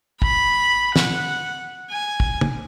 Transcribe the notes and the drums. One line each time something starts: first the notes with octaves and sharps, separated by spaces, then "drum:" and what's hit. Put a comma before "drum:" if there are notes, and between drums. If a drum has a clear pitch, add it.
B5, drum: kick
F#5, drum: snare
G#5
drum: kick
drum: tom